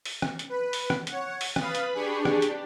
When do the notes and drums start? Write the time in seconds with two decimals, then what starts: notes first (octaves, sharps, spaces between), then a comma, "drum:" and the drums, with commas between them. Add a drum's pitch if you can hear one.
0.05 drum: open hi-hat
0.22 drum: rim click
0.39 drum: hi-hat
0.49 B4
0.73 drum: open hi-hat
0.90 drum: rim click
1.07 C#5 F#5, drum: hi-hat
1.41 drum: open hi-hat
1.56 B4 F5 B5 D#6 A6, drum: rim click
1.75 drum: hi-hat
1.94 D4 G4 G#4 C#6
2.25 drum: rim click
2.42 drum: hi-hat